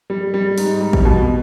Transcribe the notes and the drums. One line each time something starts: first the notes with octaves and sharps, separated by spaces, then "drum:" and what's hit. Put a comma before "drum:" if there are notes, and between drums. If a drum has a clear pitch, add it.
G3
G3
G#2, drum: open hi-hat
G3
drum: kick A1
B2